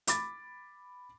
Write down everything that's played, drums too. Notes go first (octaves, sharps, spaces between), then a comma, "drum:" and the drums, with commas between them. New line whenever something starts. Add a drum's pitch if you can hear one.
B5 D6 A6, drum: hi-hat